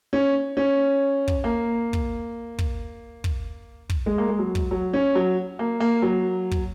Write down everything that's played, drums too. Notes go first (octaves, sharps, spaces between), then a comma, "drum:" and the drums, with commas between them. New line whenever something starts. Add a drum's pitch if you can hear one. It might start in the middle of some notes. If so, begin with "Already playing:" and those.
C#4
C#4
drum: kick
A#3
drum: kick
drum: kick
drum: kick
drum: kick
G#3
A#3
G#3
F#3
drum: kick
F#3
C#4
F#3
A#3
A#3
F#3
drum: kick